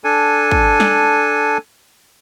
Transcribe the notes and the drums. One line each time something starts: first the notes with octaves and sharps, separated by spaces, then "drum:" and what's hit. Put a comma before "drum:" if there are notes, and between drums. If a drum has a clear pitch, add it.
D4 A4 G#5
drum: kick
drum: snare